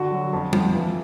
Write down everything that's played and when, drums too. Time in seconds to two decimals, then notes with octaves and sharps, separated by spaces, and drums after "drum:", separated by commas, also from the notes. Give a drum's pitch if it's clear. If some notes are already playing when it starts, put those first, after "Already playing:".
Already playing: D3 F#4
0.11 F#3
0.33 F2
0.53 F3, drum: tom G3
0.74 E3